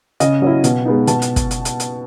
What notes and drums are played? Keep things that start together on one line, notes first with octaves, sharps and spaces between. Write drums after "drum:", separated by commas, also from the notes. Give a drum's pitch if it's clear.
C#3 D#5, drum: hi-hat
F#3 C#4 E4
B2, drum: hi-hat
G#3 B3 D#4
B2 A5, drum: hi-hat
drum: hi-hat
drum: kick, hi-hat
drum: hi-hat
drum: hi-hat
drum: hi-hat